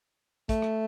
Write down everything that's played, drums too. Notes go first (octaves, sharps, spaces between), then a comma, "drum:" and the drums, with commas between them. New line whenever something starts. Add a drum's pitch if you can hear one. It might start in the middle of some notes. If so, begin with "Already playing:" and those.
A3, drum: kick, hi-hat
drum: rim click